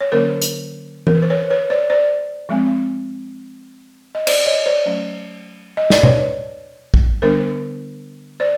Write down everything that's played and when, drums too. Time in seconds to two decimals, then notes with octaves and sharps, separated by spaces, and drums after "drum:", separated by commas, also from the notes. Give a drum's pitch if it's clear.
0.01 C#5
0.12 D3 F#3 A#3 C#4 A#4 C5
0.42 drum: hi-hat
1.07 A#4, drum: tom E3
1.15 B4
1.22 C5
1.30 B4 C#5
1.50 B4 C#5
1.70 C5 D5
1.90 C5 D5
2.49 F3 G#3 C4
4.15 D#5
4.27 C5 D5, drum: cymbal
4.46 C#5 D#5
4.66 C5 D5
4.86 F#3 A3 C#4
5.77 D#5
5.90 D5, drum: snare
6.03 B4 C#5, drum: tom B2
6.94 drum: kick
7.22 D3 G3 B3 D4 A#4 C5
8.40 C5 D5